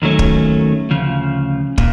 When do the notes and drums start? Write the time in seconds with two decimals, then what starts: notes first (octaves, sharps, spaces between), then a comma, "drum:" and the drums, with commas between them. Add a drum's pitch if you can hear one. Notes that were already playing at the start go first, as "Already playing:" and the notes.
0.02 D#2 D#3 F#3 A3 C#4
0.19 drum: kick
0.90 D2 C#3 F3
1.78 A#2, drum: kick